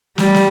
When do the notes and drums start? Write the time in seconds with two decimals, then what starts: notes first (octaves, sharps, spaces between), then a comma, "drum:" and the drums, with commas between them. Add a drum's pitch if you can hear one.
0.18 G3, drum: snare
0.34 drum: snare